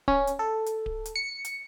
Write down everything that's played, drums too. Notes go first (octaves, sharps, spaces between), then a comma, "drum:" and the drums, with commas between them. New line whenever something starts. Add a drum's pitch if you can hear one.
C#4, drum: kick D1
drum: hi-hat
A4
drum: hi-hat
drum: kick D1
drum: hi-hat
C#7
drum: hi-hat